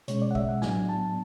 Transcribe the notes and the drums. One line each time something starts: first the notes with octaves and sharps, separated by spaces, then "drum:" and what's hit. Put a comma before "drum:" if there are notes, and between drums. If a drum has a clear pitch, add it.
B2 G#3 C#4 C#5, drum: hi-hat
D5
F#5
E5, drum: kick A#1
F#5
A2 F#3 B3 D4 G#5, drum: snare
A5